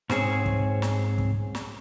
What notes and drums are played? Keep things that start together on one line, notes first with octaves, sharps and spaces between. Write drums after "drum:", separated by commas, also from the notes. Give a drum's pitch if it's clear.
G#2 C4 G#4 C#5, drum: snare
drum: kick
drum: snare
drum: kick
drum: snare